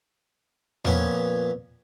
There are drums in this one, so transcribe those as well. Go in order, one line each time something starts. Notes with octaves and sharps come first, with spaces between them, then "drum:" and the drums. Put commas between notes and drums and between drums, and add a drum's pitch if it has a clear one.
F2 A#2 B3 C#4 C#5, drum: tom E2